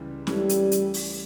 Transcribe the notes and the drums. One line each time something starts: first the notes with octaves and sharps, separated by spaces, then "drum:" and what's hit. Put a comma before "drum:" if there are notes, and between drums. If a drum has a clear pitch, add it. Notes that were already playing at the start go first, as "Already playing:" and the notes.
Already playing: C#2 C#3 E3 G3
E3 G3 A3 C#4 E4, drum: snare C#4
drum: hi-hat
drum: hi-hat
drum: open hi-hat